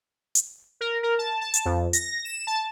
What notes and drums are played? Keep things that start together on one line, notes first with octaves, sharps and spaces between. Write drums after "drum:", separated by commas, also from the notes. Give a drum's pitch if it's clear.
drum: hi-hat
A#4
A#4
A5
A5
drum: hi-hat
F2
A#6, drum: hi-hat
E7
A5